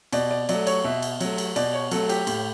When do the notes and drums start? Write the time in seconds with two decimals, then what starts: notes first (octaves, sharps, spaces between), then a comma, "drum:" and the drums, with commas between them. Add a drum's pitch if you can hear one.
0.12 B2 D5, drum: cymbal
0.31 D5
0.49 F#3 A3 D5, drum: cymbal
0.67 C#5, drum: cymbal
0.84 B2 E5
1.02 drum: cymbal
1.20 F#3 A3, drum: cymbal
1.38 drum: cymbal
1.56 B2 D5, drum: cymbal
1.74 C#5
1.91 F#3 A3 A4, drum: cymbal
2.09 G4, drum: cymbal
2.27 A2, drum: cymbal